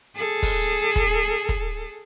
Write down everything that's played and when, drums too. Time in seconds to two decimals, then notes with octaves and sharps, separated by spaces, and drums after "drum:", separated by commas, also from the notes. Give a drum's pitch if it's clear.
0.16 G#4 A4
0.42 drum: kick, open hi-hat
0.96 drum: kick, hi-hat
1.49 drum: kick, hi-hat